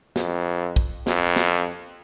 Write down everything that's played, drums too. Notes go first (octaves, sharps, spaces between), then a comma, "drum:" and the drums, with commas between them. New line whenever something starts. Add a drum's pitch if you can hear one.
F2, drum: snare
drum: kick
F2, drum: snare
drum: snare